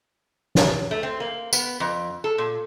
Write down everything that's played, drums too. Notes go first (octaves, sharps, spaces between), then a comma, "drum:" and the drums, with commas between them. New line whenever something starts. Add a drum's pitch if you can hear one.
drum: snare
A3
C4
A#3
B3, drum: tambourine
F2
A4
A#2